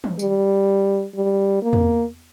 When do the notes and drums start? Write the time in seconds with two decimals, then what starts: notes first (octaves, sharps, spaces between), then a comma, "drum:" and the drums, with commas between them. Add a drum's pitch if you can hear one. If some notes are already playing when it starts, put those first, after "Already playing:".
0.04 drum: tom
0.19 G3, drum: tambourine
1.15 G3
1.62 A#3
1.73 drum: tom E2